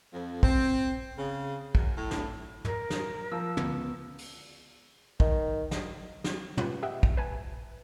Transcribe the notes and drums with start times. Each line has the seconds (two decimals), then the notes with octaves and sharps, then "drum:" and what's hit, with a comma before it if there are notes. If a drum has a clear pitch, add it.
0.13 F2
0.43 C4, drum: kick
1.18 C#3
1.75 F#2, drum: kick
1.97 A2
2.11 drum: snare
2.65 A#4, drum: tom
2.90 drum: snare
3.32 F3 E6
3.57 C#2 B3 C#4, drum: tom
4.18 drum: open hi-hat
5.20 D#3, drum: kick
5.71 drum: snare
6.24 drum: snare
6.57 C#4 F4 G4 B4, drum: tom
6.82 G4 D#5 E5 F#5 G5
7.03 drum: kick
7.17 B4 G#5 A5